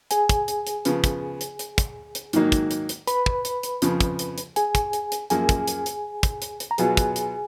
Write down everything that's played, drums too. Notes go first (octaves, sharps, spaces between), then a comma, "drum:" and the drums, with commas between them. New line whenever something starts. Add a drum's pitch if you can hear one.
G#4 G#5, drum: hi-hat
drum: kick, hi-hat
drum: hi-hat
drum: hi-hat
C#3 F3 B3, drum: hi-hat
drum: kick, hi-hat
drum: hi-hat
drum: hi-hat
drum: kick, hi-hat
drum: hi-hat
G#2 D#3 F#3 A#3 D#4, drum: hi-hat
drum: kick, hi-hat
drum: hi-hat
drum: hi-hat
B4 B5, drum: hi-hat
drum: kick
drum: hi-hat
drum: hi-hat
F2 C#3 F3, drum: hi-hat
drum: kick, hi-hat
drum: hi-hat
drum: hi-hat
G#4 G#5, drum: hi-hat
drum: kick, hi-hat
drum: hi-hat
drum: hi-hat
F#2 F3 A#3 G#4 G#5, drum: hi-hat
drum: kick, hi-hat
drum: hi-hat
drum: hi-hat
drum: kick, hi-hat
drum: hi-hat
drum: hi-hat
A#5
B2 F#3 B3 F4 G#4 G#5, drum: hi-hat
drum: kick, hi-hat
drum: hi-hat